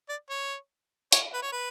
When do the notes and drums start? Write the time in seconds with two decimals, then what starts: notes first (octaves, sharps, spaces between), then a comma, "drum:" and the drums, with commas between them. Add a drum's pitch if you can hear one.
0.09 D5
0.30 C#5
1.12 C#5, drum: hi-hat
1.34 B4
1.42 C#5
1.52 B4